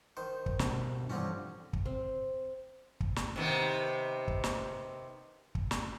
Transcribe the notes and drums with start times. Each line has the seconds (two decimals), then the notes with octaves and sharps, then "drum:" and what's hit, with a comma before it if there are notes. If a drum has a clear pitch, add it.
0.17 D#3 C5
0.46 drum: kick
0.59 D2 G2 B2, drum: snare
1.10 G2 D3 E3 F3 C4 C#4
1.73 drum: kick
1.85 C4
3.00 drum: kick
3.16 drum: snare
3.36 C3 D#3 B3
4.28 drum: kick
4.44 drum: snare
5.55 drum: kick
5.71 drum: snare